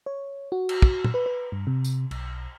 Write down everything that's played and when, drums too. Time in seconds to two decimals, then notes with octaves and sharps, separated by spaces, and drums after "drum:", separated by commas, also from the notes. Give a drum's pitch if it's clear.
0.06 C#5
0.52 F#4
0.69 drum: cymbal
0.82 drum: kick
1.04 drum: tom
1.14 B4
1.26 B4
1.52 G2
1.67 C3
1.84 drum: tambourine
2.11 B1, drum: cymbal